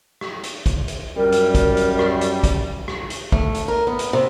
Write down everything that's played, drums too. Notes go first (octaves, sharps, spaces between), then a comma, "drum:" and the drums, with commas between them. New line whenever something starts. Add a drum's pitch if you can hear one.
drum: rim click
drum: hi-hat
drum: kick, hi-hat
drum: hi-hat
F#2 G3 A#4
drum: hi-hat
drum: kick, hi-hat
drum: hi-hat
drum: rim click
drum: hi-hat
drum: kick, hi-hat
drum: rim click
drum: hi-hat
A3, drum: kick
drum: hi-hat
A#4
B3
drum: hi-hat
C3